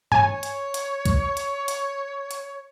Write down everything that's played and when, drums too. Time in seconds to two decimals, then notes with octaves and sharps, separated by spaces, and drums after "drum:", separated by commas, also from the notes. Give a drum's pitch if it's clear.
0.12 C#5 G#5, drum: tom G2
0.43 drum: hi-hat
0.74 drum: hi-hat
1.05 drum: kick, hi-hat
1.37 drum: hi-hat
1.68 drum: hi-hat
2.31 drum: hi-hat